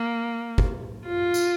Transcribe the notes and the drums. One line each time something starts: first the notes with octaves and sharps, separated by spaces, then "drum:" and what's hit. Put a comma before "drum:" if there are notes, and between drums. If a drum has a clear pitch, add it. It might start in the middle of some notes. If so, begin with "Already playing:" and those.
Already playing: A#3
drum: kick
F4
drum: tambourine